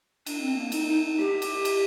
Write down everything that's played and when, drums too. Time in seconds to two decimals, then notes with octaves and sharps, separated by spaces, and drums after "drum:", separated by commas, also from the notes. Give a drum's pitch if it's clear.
0.26 D4, drum: cymbal
0.41 C4
0.56 A#3
0.72 D#4, drum: cymbal
0.88 D#4
1.19 G4, drum: snare
1.42 drum: cymbal
1.65 drum: cymbal